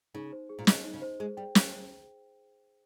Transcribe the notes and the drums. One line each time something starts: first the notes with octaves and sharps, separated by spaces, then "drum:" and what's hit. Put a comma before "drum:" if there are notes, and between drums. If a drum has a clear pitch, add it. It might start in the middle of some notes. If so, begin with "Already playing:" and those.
C#3 D#4
C5
G#4
A#2
C3 D#5, drum: snare
D#4
C#3
C5
G#3 G#4
G3 G5
drum: snare